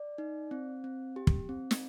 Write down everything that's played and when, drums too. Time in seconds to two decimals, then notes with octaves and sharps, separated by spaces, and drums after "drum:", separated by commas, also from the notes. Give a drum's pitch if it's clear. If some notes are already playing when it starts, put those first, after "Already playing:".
Already playing: D5
0.18 D#4
0.51 C4
0.84 C4
1.16 G4
1.27 drum: kick
1.49 C4
1.71 drum: snare